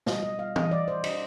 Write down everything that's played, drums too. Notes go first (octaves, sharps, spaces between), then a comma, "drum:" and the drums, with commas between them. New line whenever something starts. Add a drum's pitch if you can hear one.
B2 G3 D#5, drum: snare
D#5
F5
D#5, drum: tom
D5
C5
D#5, drum: cymbal